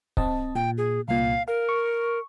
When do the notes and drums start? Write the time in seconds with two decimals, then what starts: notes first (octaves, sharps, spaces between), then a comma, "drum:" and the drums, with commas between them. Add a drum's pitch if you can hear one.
0.17 C4 D#5 A5, drum: kick C#1
0.55 A#2 G5
0.78 G#4
1.08 C2 A#2 F5
1.48 A#4 F5
1.69 C#6